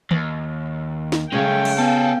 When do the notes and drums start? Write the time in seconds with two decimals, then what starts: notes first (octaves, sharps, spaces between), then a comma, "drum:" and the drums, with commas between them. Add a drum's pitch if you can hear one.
0.11 D#2, drum: tom D#3
1.12 drum: snare D#4
1.33 C#3 G#3 A3 C#4 G5
1.65 drum: cymbal
1.78 B3 G#4 A4 F5